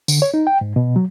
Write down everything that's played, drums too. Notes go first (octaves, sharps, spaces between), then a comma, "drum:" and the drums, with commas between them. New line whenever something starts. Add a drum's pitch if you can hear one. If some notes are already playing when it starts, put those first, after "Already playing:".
D3, drum: tambourine
C#5
D#4
G5
G#2
B2
F#3